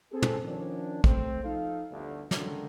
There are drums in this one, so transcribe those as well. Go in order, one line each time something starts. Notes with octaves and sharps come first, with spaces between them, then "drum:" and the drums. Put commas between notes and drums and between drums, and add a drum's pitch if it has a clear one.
C4 G#4 A4
drum: tom
D#3 F3 C#4 D4
A3 C4, drum: kick
F3 D#4 A4 F5
G1 D2
C#2 D3 D#3, drum: snare